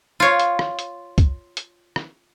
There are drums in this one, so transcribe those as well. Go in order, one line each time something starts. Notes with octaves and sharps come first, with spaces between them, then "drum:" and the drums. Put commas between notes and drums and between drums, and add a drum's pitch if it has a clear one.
F4 C#5
drum: hi-hat
drum: rim click
drum: hi-hat
drum: kick C2, hi-hat
drum: hi-hat
drum: rim click